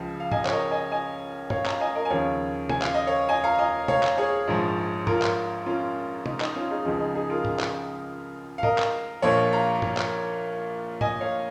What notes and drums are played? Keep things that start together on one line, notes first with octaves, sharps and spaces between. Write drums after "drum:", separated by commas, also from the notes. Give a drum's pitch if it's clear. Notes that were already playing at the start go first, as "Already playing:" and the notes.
Already playing: C#2 C#3 F3
F5
D#5 G#5, drum: tom
C#5, drum: clap
A#4 D#5
D#5 G#5
D#5 G#5
C#5 F5, drum: tom
F5 A#5, drum: clap
D#5 G#5
A#4 D#5
G#5
D#2 C#3 F3 C#5 F5
G#5, drum: tom
F5, drum: clap
D#5
C#5 F5
D#5 G#5
F5 A#5
D#5 G#5
C#5 F5, drum: tom
drum: clap
G#4 C#5
A#1 G#2 F3
F4 A#4, drum: tom
drum: clap
C#4 F4
D#4, drum: tom
D#4, drum: clap
C#4 F4
D#4 G#4
C#2 C#3 F3 D#4 G#4
D#4
D#4 G#4
F4 A#4
drum: tom
drum: clap
F5
A#4 D#5, drum: tom
drum: clap
A#1 A#2 F3 C#5 F5
F5 A#5
drum: tom
drum: clap
D#5 G#5, drum: tom
C#5 F5